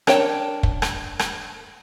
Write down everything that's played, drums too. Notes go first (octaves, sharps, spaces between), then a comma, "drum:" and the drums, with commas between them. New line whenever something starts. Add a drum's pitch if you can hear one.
D4 A#4 C#5 G5 A5, drum: rim click
drum: kick
drum: rim click
drum: rim click